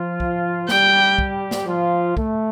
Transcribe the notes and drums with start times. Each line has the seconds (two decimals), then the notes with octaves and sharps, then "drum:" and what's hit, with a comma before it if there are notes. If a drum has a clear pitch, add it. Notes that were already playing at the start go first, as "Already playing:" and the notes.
Already playing: F3 F4
0.20 drum: kick
0.69 G3 G4 G5, drum: snare
1.18 drum: kick
1.51 drum: snare
1.67 F3 F4
2.17 A3, drum: kick